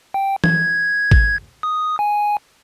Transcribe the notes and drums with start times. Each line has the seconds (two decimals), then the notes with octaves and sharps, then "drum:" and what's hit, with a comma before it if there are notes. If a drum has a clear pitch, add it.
0.14 G5
0.44 G#6, drum: tom E3
1.11 drum: kick G#1
1.63 D#6
1.99 G#5